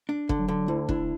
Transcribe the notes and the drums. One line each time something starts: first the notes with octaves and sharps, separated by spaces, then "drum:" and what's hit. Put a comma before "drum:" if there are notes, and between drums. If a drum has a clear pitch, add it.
D4
D3, drum: kick
F#3
D3
D2 E4
D4 E4, drum: kick